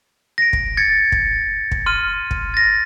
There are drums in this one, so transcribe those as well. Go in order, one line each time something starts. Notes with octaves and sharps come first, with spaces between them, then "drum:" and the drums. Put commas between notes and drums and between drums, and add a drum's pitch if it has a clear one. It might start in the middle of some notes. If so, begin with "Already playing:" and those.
A#6 D7
drum: kick
G#6 A6 C#7
drum: kick
drum: kick
C6 F6 D#7
drum: kick
A6 A#6